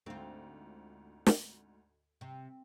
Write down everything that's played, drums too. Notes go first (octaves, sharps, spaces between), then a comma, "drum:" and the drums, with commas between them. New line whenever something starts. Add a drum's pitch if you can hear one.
D2 G#2 C4 F4
drum: snare
C3